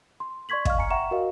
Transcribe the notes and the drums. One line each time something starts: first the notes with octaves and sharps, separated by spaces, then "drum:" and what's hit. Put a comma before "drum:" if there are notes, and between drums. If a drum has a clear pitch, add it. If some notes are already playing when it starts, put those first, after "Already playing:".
C6
D5 C6 C#6 G#6 B6 F#7
D#5 F5 C#6 F6, drum: kick
G#5 A#5 C#7
E5 F#5 G5 A#5 C#6 E7
F#4 A#4 D#5 F5